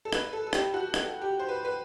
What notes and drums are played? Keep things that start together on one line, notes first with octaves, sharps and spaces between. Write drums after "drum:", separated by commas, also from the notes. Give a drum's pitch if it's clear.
A4
B4, drum: rim click
A4
A4
G4, drum: rim click
F#4
drum: rim click
G4
C5
B4
B4